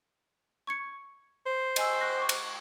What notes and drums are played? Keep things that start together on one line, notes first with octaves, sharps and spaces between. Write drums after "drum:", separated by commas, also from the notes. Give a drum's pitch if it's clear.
C#6 G#6 C#7
C5
D#5 G#5 E6, drum: cymbal
C#6 F#6 A#6
C#6 D6
drum: cymbal